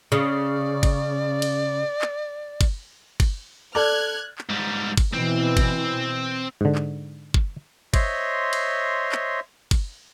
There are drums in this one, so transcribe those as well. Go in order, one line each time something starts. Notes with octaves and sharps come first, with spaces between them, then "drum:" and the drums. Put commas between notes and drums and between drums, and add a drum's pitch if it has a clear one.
C#3 D5
drum: kick, cymbal
drum: cymbal
drum: clap
drum: kick, cymbal
drum: kick, cymbal
A4 D5 F6 F#6 G#6
drum: clap
G#2 G3
drum: kick, cymbal
B2 E3 C4
drum: kick, cymbal
G#2 D3
drum: clap
drum: kick
C5 C#5 D#5 E5 C6, drum: kick, cymbal
drum: cymbal
drum: clap
drum: kick, cymbal